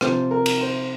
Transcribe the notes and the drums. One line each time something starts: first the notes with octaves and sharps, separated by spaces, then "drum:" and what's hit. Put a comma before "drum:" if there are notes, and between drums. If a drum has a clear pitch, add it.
C3 F3 C5, drum: rim click
A#4
drum: cymbal
C5